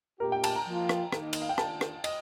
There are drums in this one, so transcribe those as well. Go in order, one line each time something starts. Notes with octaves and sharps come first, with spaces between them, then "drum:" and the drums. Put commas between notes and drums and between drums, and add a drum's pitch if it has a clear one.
A#2 A3 D4 G4 A#4
G5
A5, drum: cymbal
A#5
F3 A#3 F4
drum: rim click
D#3 A#3 D#4, drum: rim click
D#5, drum: cymbal
F5
G5
D#3 A#3 D4 F4 A5, drum: rim click
drum: rim click
D#5, drum: cymbal